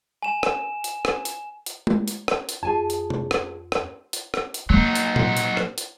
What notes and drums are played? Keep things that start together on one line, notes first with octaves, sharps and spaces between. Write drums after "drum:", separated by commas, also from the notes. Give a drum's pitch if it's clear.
G#5 E7
drum: rim click
drum: hi-hat
drum: rim click
drum: hi-hat
drum: hi-hat
drum: tom G#3
drum: hi-hat
drum: rim click
drum: hi-hat
F2 G#4 G#5 A5
drum: hi-hat
drum: tom C3
drum: rim click
drum: rim click
drum: hi-hat
drum: rim click
drum: hi-hat
F#3 A#3 D#4
drum: hi-hat
drum: tom A#2
drum: hi-hat
drum: rim click
drum: hi-hat